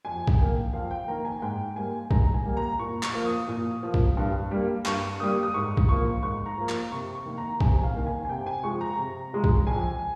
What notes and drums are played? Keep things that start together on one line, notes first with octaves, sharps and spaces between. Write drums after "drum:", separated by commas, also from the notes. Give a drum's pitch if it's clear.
F2 G#5
drum: kick B1
D#3 A#3 G5
F2 F5
G5
D#3 A#3 A#5
G#5
G#2 G5
G3 A#3 G#5
G#2 A#5, drum: kick B1
G#5
G3 A#3
A#5
A#2 C#6
C#6, drum: clap
F3 A#3
D#6
A#2
F3 A#3
drum: kick B1
G2
G3 A#3
G2 C#6, drum: clap
G3 A#3 D#6
D#6
G#2 C#6
drum: kick B1
F3 A#3 C#6
G#2 C#6
A#5
F3 A#3
drum: clap
C3 C#6
C#6
D#3 A#3
A#5
C3 G#5, drum: kick B1
F5
D#3 A#3
G#5
G#5
C3 G5
G#5
F3 G#3 C#6
A#5
C3
F3 G#3
drum: kick B1
F2 G#5